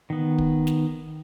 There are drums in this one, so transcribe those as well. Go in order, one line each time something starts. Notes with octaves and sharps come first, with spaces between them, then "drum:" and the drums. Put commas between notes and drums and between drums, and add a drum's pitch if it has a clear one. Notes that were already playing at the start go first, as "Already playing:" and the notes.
D#3 B3
drum: kick
drum: snare